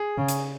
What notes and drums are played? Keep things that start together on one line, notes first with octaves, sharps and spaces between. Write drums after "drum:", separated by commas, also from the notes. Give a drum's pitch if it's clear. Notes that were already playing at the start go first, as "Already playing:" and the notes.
Already playing: G#4
C#3
drum: hi-hat